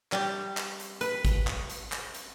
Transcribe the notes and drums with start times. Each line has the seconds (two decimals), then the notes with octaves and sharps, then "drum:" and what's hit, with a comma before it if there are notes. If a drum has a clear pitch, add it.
0.12 G3, drum: clap
0.57 drum: clap
0.80 drum: hi-hat
1.01 B4, drum: hi-hat
1.25 drum: kick G#1, hi-hat
1.47 drum: clap
1.70 drum: hi-hat
1.92 drum: clap
2.15 drum: hi-hat